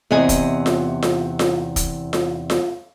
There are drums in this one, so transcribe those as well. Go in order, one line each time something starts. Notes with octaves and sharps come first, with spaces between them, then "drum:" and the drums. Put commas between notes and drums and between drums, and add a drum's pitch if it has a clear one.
E2 C3 D#5 G#5
drum: kick, hi-hat
drum: snare F4
drum: snare F4
drum: snare F4
drum: kick, hi-hat
drum: snare F4
drum: snare F4